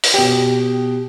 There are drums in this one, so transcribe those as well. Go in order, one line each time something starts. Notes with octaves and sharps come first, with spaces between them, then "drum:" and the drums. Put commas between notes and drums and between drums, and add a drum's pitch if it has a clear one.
drum: open hi-hat
B2 G4 G5